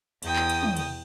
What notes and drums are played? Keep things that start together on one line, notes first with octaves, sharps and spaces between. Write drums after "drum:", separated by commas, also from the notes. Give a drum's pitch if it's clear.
E2 G5 D#6, drum: cymbal
drum: clap
drum: cymbal
drum: tom
drum: cymbal